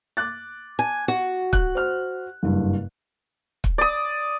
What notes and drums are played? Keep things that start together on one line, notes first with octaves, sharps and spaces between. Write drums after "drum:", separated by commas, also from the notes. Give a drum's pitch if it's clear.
D6 F#6 A6
G#5
F#4
F#6, drum: kick
C5 F6
F#1 G2
drum: kick
D5 D#6